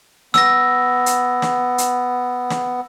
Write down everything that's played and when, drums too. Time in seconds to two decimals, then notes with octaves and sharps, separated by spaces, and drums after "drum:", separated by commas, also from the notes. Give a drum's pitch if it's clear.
0.34 B3 E6 A#6, drum: snare
1.06 drum: hi-hat
1.42 drum: snare
1.78 drum: hi-hat
2.50 drum: snare